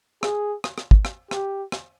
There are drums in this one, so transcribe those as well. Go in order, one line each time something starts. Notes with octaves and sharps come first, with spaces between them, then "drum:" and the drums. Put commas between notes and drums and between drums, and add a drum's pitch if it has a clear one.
G#4, drum: rim click
drum: rim click
drum: rim click
drum: kick
drum: rim click
G4, drum: rim click
drum: rim click